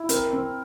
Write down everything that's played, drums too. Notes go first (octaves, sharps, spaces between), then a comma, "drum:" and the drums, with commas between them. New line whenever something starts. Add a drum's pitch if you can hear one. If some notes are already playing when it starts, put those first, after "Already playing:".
Already playing: E4
C4 A#4, drum: hi-hat
C4